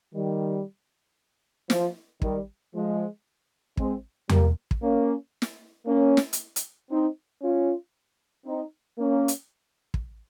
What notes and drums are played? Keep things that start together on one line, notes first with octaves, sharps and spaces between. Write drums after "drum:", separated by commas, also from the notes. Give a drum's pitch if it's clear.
D#3 G3
F3, drum: snare
D#3 G3, drum: kick
F3 G#3
G#3 C4, drum: kick
G3 A#3, drum: tom E2
drum: kick
A#3 C#4
drum: snare
A#3 C#4
drum: snare
drum: hi-hat
drum: hi-hat
C4 D#4
C#4 F4
C4 D#4
A#3 C#4
drum: hi-hat
drum: kick